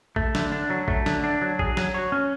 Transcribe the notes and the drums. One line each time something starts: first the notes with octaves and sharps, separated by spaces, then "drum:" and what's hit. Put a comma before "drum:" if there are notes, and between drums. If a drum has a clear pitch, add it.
A3, drum: kick A1
D3, drum: snare
D4
F#3
A3, drum: kick A1
D3, drum: snare
D4
F#3
G#4, drum: kick A1
F#3, drum: snare
C#5
C#4